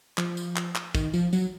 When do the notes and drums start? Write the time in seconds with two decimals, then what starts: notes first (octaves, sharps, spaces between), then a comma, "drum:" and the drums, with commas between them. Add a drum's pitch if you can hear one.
0.18 F3, drum: clap
0.37 drum: tambourine
0.56 drum: clap
0.75 drum: clap
0.95 D#3, drum: kick, tambourine
1.14 F3, drum: tambourine
1.33 F#3, drum: tambourine